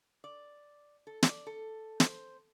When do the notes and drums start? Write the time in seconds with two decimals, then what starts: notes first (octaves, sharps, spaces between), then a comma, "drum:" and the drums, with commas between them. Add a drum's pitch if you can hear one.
0.24 D5
1.07 A4
1.23 D5, drum: snare
1.47 A4
2.00 C5, drum: snare